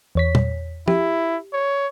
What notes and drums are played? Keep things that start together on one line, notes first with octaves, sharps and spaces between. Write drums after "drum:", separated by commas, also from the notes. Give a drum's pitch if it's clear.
E2 C#5 B6
drum: tom A#2
E4 G4, drum: tom
C#5